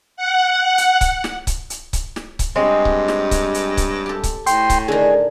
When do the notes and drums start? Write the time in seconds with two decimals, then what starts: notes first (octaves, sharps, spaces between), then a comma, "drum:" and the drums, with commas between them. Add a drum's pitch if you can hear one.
0.17 F#5
0.78 drum: hi-hat
1.01 drum: kick C#1, hi-hat
1.24 drum: snare
1.47 drum: kick C#1, hi-hat
1.70 drum: hi-hat
1.93 drum: kick C#1, hi-hat
2.16 drum: snare
2.39 drum: kick C#1, hi-hat
2.55 G2 G#3 C4 C#4
2.85 drum: kick C#1
3.08 drum: snare
3.31 drum: kick C#1, hi-hat
3.54 drum: hi-hat
3.77 drum: kick C#1, hi-hat
4.06 G4 A4
4.23 drum: kick C#1, hi-hat
4.47 A2 G5 C6, drum: hi-hat
4.70 drum: kick C#1, hi-hat
4.88 D3 D#3 G#4